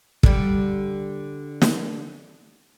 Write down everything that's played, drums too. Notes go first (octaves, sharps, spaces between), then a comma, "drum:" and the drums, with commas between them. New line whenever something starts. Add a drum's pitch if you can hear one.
D3 G3, drum: kick
drum: snare